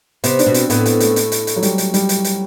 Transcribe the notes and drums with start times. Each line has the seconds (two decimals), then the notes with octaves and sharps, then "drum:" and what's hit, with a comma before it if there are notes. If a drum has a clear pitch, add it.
0.24 C3 B3, drum: hi-hat
0.39 D4, drum: hi-hat
0.46 B2
0.54 C4, drum: hi-hat
0.70 A2 B3, drum: hi-hat
0.86 B3, drum: hi-hat
1.00 A3, drum: hi-hat
1.16 drum: hi-hat
1.32 drum: hi-hat
1.47 drum: hi-hat
1.56 F#3
1.63 G3, drum: hi-hat
1.78 drum: hi-hat
1.94 G3, drum: hi-hat
2.09 drum: hi-hat
2.24 drum: hi-hat